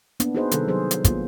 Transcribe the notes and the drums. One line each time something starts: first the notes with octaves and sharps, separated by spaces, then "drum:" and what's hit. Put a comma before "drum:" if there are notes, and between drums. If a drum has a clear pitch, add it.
A#3 B3 D4, drum: hi-hat
D#4 F#4 G#4 B4 C5 D#5
C3 D#3 G3 B3 A4, drum: hi-hat
F#3 G#4 C5
drum: hi-hat
A#3 B3 F4, drum: kick, hi-hat